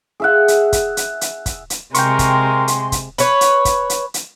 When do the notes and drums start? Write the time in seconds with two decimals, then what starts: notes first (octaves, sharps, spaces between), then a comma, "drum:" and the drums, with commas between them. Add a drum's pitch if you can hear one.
0.20 G#4 E5 F#5
0.48 drum: hi-hat
0.73 drum: kick, hi-hat
0.97 drum: hi-hat
1.21 drum: hi-hat
1.46 drum: kick, hi-hat
1.70 drum: hi-hat
1.94 C3 G#3 A#4 G5 C6 C#6, drum: hi-hat
2.19 drum: kick, hi-hat
2.68 drum: hi-hat
2.92 drum: kick, hi-hat
3.18 B4 C#5, drum: hi-hat
3.41 drum: hi-hat
3.65 drum: kick, hi-hat
3.90 drum: hi-hat
4.14 drum: hi-hat